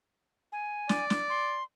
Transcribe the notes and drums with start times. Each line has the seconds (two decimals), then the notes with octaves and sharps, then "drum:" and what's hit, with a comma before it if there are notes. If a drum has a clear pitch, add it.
0.52 G#5
0.89 D5, drum: snare
1.10 drum: snare
1.30 C6